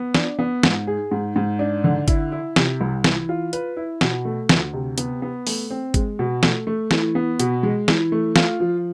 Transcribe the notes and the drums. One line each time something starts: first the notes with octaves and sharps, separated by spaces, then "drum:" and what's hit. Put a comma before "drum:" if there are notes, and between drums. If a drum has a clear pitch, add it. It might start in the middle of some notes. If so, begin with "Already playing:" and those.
Already playing: B3
D4, drum: snare
B3
G#2, drum: snare
G#4
G#2
G#2
D4
D3
E4, drum: kick, hi-hat
E4
C3, drum: snare
C2
E3, drum: snare
F4
B4, drum: hi-hat
E4
B2, drum: snare
A3
D2, drum: snare
C3
B3, drum: hi-hat
B3
A3, drum: open hi-hat
C4
G#3, drum: kick, hi-hat
B2
A3, drum: snare
A3
E3, drum: snare
B3
B2, drum: hi-hat
G#3
E3, drum: snare
A3
F4, drum: snare
F3